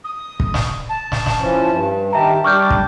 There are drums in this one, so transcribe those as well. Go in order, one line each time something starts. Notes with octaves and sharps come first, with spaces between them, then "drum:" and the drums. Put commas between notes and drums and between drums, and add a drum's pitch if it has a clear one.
D#6
drum: kick
drum: snare
A5
drum: snare
drum: snare
E3 F3 C#4
G2
D#3 G4 E5 A5 A#5
G3 D4 C#6 D6 F6 G6
drum: kick